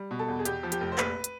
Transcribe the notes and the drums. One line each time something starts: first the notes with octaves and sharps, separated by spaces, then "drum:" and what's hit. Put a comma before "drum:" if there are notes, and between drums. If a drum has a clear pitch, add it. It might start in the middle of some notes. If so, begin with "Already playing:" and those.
Already playing: G3
B2
A4
E2
G#4
E2 G4, drum: hi-hat
F3
G4, drum: hi-hat
F1
C5
A#1 B4, drum: clap
drum: hi-hat